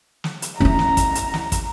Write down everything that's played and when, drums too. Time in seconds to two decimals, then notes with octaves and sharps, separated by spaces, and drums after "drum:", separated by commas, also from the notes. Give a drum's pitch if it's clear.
0.24 drum: snare
0.42 drum: hi-hat
0.60 C#4 E4 A#5
0.79 drum: snare
0.97 drum: kick, hi-hat
1.15 drum: hi-hat
1.34 drum: snare
1.52 drum: kick, hi-hat